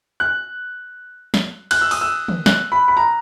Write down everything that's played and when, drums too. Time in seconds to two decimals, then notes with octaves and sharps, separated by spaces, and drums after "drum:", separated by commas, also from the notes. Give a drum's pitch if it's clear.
0.20 F#6
1.34 drum: snare
1.71 F#6, drum: cymbal
1.81 E6
1.91 D#6, drum: open hi-hat
2.01 E6
2.28 drum: tom
2.46 F#6, drum: snare
2.72 B5
2.88 B5
2.97 A#5